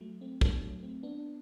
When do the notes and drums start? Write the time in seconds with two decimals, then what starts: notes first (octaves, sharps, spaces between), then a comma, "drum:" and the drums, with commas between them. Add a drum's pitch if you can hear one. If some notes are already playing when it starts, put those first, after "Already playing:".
0.01 F#3 A3
0.21 A3 C4
0.41 B3 D4, drum: kick
0.62 F#3 A3
0.83 A3 C4
1.03 B3 D4